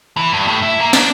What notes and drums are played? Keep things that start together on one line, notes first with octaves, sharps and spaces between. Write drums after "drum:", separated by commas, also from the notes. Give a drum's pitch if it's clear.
E3
G2
A2
E4
A#3
D4, drum: snare